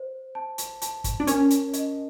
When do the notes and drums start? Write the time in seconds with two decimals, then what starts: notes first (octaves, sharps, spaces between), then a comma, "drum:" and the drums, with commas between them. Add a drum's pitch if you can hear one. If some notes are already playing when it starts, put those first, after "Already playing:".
Already playing: C5
0.35 A5
0.58 drum: hi-hat
0.82 A5, drum: hi-hat
1.04 drum: kick, hi-hat
1.20 D4
1.27 C#4 A#4, drum: hi-hat
1.50 drum: hi-hat
1.73 D#5, drum: hi-hat